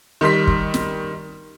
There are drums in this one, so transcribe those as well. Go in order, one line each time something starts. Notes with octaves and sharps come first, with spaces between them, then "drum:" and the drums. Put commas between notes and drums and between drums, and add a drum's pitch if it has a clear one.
D#3 G3 C6 B6
drum: kick
drum: snare